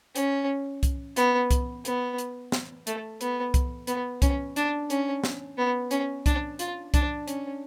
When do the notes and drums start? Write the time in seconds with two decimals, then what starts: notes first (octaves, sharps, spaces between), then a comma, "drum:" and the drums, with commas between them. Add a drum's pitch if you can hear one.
0.16 C#4, drum: hi-hat
0.83 drum: kick C2, hi-hat
1.16 B3, drum: hi-hat
1.51 drum: kick C2, hi-hat
1.85 B3, drum: hi-hat
2.18 drum: hi-hat
2.52 drum: snare
2.87 A3, drum: hi-hat
3.21 B3, drum: hi-hat
3.54 drum: kick C2, hi-hat
3.87 B3, drum: hi-hat
4.22 C#4, drum: kick C2, hi-hat
4.56 D4, drum: hi-hat
4.90 C#4, drum: hi-hat
5.24 drum: snare
5.58 B3
5.91 C#4, drum: hi-hat
6.26 D4, drum: kick C2, hi-hat
6.59 F4, drum: hi-hat
6.94 D4, drum: kick C2, hi-hat
7.28 C#4, drum: hi-hat